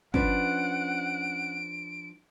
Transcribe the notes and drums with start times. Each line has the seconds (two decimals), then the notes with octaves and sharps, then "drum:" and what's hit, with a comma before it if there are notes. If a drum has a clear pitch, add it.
0.14 F3 C#4 D4 B4 F#5 D7, drum: kick